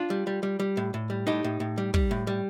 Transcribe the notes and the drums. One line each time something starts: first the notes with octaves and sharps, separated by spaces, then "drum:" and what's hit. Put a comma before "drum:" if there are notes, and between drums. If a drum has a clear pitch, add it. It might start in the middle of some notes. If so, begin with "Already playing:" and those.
Already playing: D4 F4
G3
G3
G3
G3
A2
A2
G3
A2 D#4 G4
A2
A2
G3
G3, drum: kick
A2
G3